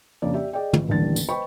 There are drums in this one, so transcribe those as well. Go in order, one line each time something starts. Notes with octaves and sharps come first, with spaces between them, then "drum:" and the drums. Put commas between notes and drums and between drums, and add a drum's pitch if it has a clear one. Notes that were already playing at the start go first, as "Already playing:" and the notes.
F2 C#3 A#3 D4 D5
G4 D5 E5
G#4 D5 D#5 G5
A1 F3, drum: tom
D#1 A1 D3 E3 G3 A6
drum: tambourine
B4 C5 D#5 G5 B5 C#6